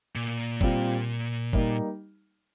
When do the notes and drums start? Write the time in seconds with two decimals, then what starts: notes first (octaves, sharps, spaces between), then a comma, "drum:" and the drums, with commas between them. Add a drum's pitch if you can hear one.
0.15 A#2
0.61 G3 C4 F4, drum: kick G1
1.53 G3 A#3 D#4, drum: kick G1